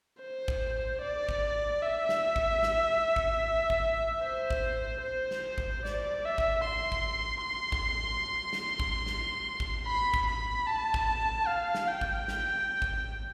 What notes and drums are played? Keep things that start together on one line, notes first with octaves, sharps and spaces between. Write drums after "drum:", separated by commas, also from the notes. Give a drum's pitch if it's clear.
C5
drum: kick G#1
D5
drum: kick G#1
E5
drum: snare
drum: kick G#1
drum: snare
drum: kick G#1
drum: kick G#1
C5
drum: kick G#1
C5
drum: snare
drum: kick G#1
D5, drum: snare
E5
drum: kick G#1
C6
drum: kick G#1
C6
drum: kick G#1
drum: snare
drum: kick G#1
drum: snare
drum: kick G#1
B5
drum: kick G#1
B5
A5
drum: kick G#1
F5
drum: snare
G5
drum: kick G#1
drum: snare
drum: kick G#1